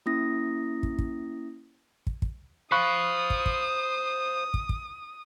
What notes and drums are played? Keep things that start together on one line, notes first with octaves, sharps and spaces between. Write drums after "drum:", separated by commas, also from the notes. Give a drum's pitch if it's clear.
A#3 C#4 E4 D#6 A#6
drum: kick
drum: kick
drum: kick
drum: kick
C5 F5 B5 C#6 D#6 F#6
drum: kick
drum: kick
drum: kick
drum: kick